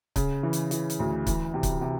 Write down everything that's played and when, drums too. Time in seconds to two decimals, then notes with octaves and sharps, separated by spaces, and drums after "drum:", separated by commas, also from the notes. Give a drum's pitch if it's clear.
0.16 C#3, drum: kick C#1, hi-hat
0.43 E3
0.53 drum: hi-hat
0.71 E3, drum: hi-hat
0.90 drum: hi-hat
0.99 D2
1.27 E3, drum: kick C#1, hi-hat
1.54 C3
1.63 drum: kick C#1, hi-hat
1.81 C3